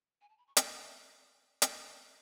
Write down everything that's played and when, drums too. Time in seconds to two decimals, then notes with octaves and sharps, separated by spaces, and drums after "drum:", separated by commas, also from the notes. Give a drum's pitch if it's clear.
0.21 G#5
0.29 A5
0.38 B5
0.47 C#6
0.57 A5, drum: hi-hat
0.66 G#5
0.74 F#5
0.83 E5
1.62 drum: hi-hat